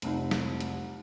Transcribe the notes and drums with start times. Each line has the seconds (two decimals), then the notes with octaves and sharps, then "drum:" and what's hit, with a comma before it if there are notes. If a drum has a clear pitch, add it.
0.02 F1 C2 D#4, drum: hi-hat
0.31 drum: snare
0.61 drum: hi-hat